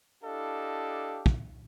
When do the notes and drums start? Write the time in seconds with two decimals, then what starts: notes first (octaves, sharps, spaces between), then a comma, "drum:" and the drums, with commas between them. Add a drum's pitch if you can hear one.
0.24 D4 E4 G4 A4 D#5 F5
1.26 drum: kick